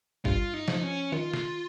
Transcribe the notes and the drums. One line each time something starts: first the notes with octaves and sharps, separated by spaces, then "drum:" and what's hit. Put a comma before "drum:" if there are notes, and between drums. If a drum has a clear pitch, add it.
G2 F4, drum: kick G#1
D#4
F3, drum: snare
C#4
D#3 F4
drum: snare